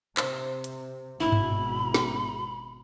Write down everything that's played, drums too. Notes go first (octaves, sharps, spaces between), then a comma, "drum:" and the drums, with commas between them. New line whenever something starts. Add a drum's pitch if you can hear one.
C3 C5, drum: clap
drum: hi-hat
G#1 G#2 B2 E4 B5
drum: tom G2
drum: snare